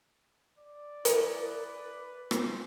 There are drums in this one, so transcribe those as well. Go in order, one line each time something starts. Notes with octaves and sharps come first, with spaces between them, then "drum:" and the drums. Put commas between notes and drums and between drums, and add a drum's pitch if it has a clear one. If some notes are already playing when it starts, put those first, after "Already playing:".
D5
E4, drum: hi-hat
B4
C5, drum: rim click